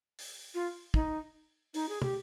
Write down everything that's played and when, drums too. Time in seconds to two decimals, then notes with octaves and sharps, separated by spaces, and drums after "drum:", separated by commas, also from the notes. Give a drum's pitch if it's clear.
0.19 drum: open hi-hat
0.55 F4
0.94 D#4, drum: kick
1.74 D#4, drum: open hi-hat
1.89 G#4
2.02 G4, drum: tom